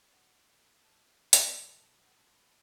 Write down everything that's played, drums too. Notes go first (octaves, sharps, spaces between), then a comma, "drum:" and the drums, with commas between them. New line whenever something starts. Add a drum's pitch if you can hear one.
D3 A3 F#5
A5
drum: hi-hat
B2 F#3 A3 B5
A5
G5
A5
F#5
G5
A5
B5